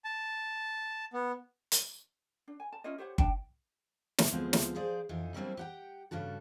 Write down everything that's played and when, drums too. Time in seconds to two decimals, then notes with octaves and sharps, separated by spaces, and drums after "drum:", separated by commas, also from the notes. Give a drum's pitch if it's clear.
0.04 A5
1.13 B3
1.72 drum: hi-hat
2.48 D4
2.60 G#5
2.73 A5
2.84 C#4 E4 F4 D#5
2.98 G4 C5 C#5 F#5
3.18 D4 G5 A5, drum: kick G1
4.18 drum: snare
4.32 D2 A#2 F3 G#3 B3 C4
4.53 drum: snare
4.75 F3 G#4 C5 D5
5.09 F2 E3 D4 D#4
5.34 F#3 G3 A#3 C4 D4 E4
5.57 G4 F#5 G5
6.11 G2 C#3 D4 F#4 A4